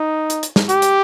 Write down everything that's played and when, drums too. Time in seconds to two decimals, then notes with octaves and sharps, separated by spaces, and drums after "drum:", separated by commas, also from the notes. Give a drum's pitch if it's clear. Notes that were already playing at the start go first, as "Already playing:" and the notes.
Already playing: D#4
0.30 drum: hi-hat
0.43 drum: hi-hat
0.56 drum: snare
0.69 G4, drum: hi-hat
0.82 drum: hi-hat